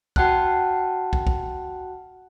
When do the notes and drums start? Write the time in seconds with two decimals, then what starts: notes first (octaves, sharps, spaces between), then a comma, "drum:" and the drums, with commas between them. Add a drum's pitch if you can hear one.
0.16 F#4 F#5 G5 A5 F6 F#6, drum: kick
1.13 drum: kick
1.27 drum: kick